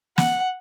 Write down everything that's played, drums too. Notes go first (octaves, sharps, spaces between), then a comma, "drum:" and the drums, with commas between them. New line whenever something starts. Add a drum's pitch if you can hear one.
F#5, drum: snare